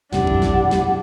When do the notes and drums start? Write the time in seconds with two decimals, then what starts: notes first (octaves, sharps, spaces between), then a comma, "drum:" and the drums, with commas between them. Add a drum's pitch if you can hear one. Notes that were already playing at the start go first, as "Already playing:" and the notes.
0.13 E1 F#2 C3 D4 E4 G4 F#5, drum: snare
0.27 drum: kick A1
0.42 drum: snare
0.71 drum: snare